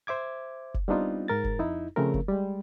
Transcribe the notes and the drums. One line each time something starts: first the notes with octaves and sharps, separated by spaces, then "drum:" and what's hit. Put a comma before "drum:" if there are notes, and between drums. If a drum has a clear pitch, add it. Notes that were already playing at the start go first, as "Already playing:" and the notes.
C5 E5 D6 G#6
drum: kick F1
G3 B3 C4 D4 D#4 F4
G#2 A#4 A6
drum: kick F1
F2 D#4 E4
C#3 F3 A3 C4 A#4
drum: kick F1
G3 G#3